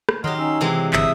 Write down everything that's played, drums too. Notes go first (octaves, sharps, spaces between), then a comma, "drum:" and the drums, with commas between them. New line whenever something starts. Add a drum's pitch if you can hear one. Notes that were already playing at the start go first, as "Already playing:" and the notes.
drum: rim click
D#3 F#3 G4 D#5 F#5 C6 F6
C#4 D#4 E6
C3 E3 G#3 C4
F#3
G1 D3 E5 D#6, drum: clap